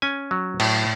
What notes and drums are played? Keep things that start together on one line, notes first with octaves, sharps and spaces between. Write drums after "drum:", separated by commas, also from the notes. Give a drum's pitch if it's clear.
C#4 G#5
F#3
A2, drum: cymbal